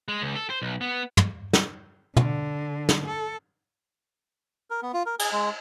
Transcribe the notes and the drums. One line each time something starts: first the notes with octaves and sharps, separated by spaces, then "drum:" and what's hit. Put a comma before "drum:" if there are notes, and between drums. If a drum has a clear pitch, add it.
G#3
C#2
A4
C5
B1
B3
drum: tom
drum: snare
D3, drum: tom
drum: snare
A4
A#4
B3
F4
A#4
G#4, drum: cymbal
G#3